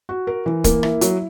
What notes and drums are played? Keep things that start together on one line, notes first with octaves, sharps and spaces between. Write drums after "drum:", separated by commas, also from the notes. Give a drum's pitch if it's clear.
F#4
A#4
E3
A#3, drum: kick, hi-hat
E4, drum: rim click
F#3, drum: hi-hat